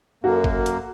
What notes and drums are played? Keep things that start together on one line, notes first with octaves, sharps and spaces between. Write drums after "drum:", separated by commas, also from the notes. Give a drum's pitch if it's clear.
F#2 A#3 F#4 A4
drum: kick
drum: hi-hat